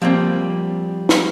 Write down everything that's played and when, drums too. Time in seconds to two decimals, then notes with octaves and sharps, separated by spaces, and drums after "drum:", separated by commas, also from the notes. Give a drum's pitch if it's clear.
0.02 F3 G3 A#3 C4
1.09 drum: snare